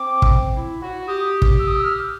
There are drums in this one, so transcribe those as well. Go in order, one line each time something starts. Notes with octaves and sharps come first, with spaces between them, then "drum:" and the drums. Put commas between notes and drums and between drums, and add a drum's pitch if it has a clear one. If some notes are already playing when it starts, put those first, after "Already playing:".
Already playing: C4 D6
drum: kick
E4
F#4
G4 D#6
drum: kick
E6
D#6
E6
F6